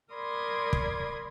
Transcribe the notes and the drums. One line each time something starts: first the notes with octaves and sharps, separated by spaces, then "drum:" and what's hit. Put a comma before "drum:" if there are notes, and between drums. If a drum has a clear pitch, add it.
A#4 D5 B5 C6 D#6 G#6
drum: kick